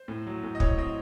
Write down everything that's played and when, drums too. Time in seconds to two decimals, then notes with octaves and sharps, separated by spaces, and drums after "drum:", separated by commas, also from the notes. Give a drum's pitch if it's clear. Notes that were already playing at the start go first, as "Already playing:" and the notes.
Already playing: C5
0.08 A2
0.27 F#3
0.43 A2
0.55 D#5
0.60 A2 C#5, drum: kick
0.78 C4 D#5